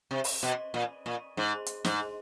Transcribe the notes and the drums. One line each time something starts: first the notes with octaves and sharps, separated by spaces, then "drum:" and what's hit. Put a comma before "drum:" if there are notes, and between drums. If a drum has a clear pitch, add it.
C3
drum: open hi-hat
B2
A#2
A#2
G#2
drum: hi-hat
G#2, drum: snare